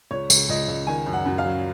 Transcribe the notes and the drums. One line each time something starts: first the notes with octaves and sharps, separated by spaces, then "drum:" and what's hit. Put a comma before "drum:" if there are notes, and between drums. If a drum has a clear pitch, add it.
C#2 C#5
C#2, drum: tambourine
C#2 D#5
C#2
D#3 G#5
F#2
F#5
F#2
F5
F#3